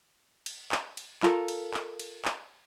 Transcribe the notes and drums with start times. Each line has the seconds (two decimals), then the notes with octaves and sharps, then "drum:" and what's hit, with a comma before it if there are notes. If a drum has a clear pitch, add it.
0.46 drum: cymbal
0.72 drum: clap
0.97 drum: cymbal
1.23 F4 A4 A#4, drum: clap
1.48 drum: cymbal
1.74 drum: clap
1.99 drum: cymbal
2.25 drum: clap